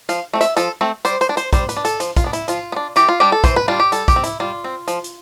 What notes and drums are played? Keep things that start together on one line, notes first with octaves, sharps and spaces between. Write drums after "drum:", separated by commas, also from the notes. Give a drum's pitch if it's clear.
F3 F5, drum: hi-hat
A3 C4
E5, drum: hi-hat
F3 A4, drum: hi-hat
A3 C4
G3 C5, drum: hi-hat
C5, drum: hi-hat
D4
C5, drum: hi-hat
G3 C5, drum: kick, hi-hat
B4, drum: hi-hat
D4
A4, drum: hi-hat
F3, drum: hi-hat
F4, drum: kick, hi-hat
B3 D4
E4, drum: hi-hat
F3 F4, drum: hi-hat
B3
D4
E3 G4, drum: hi-hat
F4
G3 D4 G4
A4
E3 C5, drum: kick, hi-hat
B4
G3 D4 F4
G4
G3 A4, drum: hi-hat
G4, drum: kick, hi-hat
C4
E4, drum: hi-hat
G3 F4
C4
F3, drum: hi-hat
drum: hi-hat